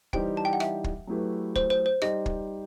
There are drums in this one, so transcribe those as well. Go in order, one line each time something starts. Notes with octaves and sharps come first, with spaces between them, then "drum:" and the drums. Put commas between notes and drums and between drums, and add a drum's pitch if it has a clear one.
E3 G3 D#4 G4 C5 G5, drum: kick
A5
G5
F#5
E5, drum: rim click
drum: kick
F#3 A3 E4 G4 B4
C5, drum: kick
C5
C5
G3 D#4 G4 C5 D#5, drum: rim click
drum: kick